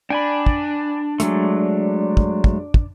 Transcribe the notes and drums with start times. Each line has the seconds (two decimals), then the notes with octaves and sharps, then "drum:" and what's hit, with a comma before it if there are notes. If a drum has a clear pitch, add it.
0.10 D4 G5 G#5 B5
0.46 drum: kick
1.20 F#3 G#3 A3, drum: hi-hat
2.17 drum: kick
2.44 drum: kick
2.74 drum: kick